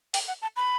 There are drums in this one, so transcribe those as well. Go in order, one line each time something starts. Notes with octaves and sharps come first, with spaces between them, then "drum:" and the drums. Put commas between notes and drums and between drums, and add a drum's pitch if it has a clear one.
G5, drum: open hi-hat
F#5
A5
B5